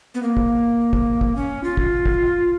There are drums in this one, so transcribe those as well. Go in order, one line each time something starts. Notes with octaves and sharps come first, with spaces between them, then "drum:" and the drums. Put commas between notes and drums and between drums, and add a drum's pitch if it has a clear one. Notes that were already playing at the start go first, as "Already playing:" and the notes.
B3
A#3
drum: kick
drum: kick
drum: kick
C#4
F4
drum: kick
drum: kick